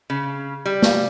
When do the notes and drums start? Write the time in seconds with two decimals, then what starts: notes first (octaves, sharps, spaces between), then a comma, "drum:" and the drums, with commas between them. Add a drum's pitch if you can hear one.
0.10 C#3
0.66 G3
0.82 drum: snare